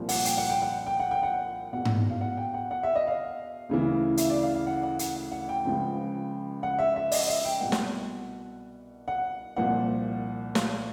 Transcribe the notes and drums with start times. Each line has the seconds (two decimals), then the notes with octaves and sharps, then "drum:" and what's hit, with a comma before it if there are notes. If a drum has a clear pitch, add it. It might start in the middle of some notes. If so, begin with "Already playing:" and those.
Already playing: C2 A#2 F3
0.09 F#5, drum: open hi-hat
0.25 G5, drum: hi-hat
0.37 F#5
0.50 G5
0.62 F#5
0.86 G5
1.00 F#5
1.11 G5
1.23 F#5
1.73 E2 B2 F#5
1.85 drum: tom G#2
2.11 F5
2.21 F#5
2.37 G5
2.54 F#5
2.71 F#5
2.83 E5
2.96 D#5
3.07 F5
3.69 D2 C#3 E3
4.17 E5, drum: hi-hat
4.30 D5
4.43 F5
4.55 F5
4.67 F#5
4.83 F#5
4.99 F#5, drum: hi-hat
5.15 F#5
5.32 F#5
5.49 G5
5.65 C#2 C#3 F3
6.63 F#5
6.79 E5
6.96 E5
7.12 D#5, drum: open hi-hat
7.29 E5
7.45 G5
7.60 C2 B2 F#5
7.72 drum: snare
9.08 F#5
9.56 C2 A#2 F3 F#5
10.55 F5, drum: snare